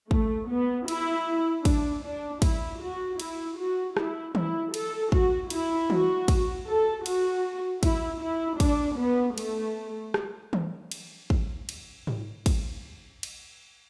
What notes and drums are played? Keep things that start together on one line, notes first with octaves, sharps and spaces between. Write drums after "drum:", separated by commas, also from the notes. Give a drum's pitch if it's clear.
A3, drum: kick
B3
E4, drum: cymbal
D4, drum: kick, cymbal
D4
E4, drum: kick, cymbal
F#4
E4, drum: cymbal
F#4
E4, drum: rim click
E4, drum: tom D#3
A4, drum: cymbal
F#4, drum: kick
E4, drum: cymbal
F#4, drum: tom D#3
drum: kick, cymbal
A4
F#4, drum: cymbal
E4, drum: kick, cymbal
E4
D4, drum: kick, cymbal
B3
A3, drum: cymbal
drum: rim click
drum: tom D#3
drum: cymbal
drum: kick
drum: cymbal
drum: tom G#2
drum: kick, cymbal
drum: cymbal